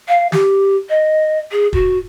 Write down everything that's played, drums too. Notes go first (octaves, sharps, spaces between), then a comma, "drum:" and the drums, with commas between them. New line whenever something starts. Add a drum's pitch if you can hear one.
F5
G4, drum: snare
D#5
G#4
F#4, drum: kick